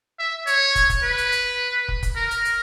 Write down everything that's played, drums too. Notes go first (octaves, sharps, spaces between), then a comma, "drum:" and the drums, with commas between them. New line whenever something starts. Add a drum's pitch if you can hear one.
E5
C#5, drum: hi-hat
drum: kick, hi-hat
drum: kick, hi-hat
B4
drum: hi-hat
drum: hi-hat
drum: kick
drum: kick, hi-hat
A#4
drum: hi-hat
drum: hi-hat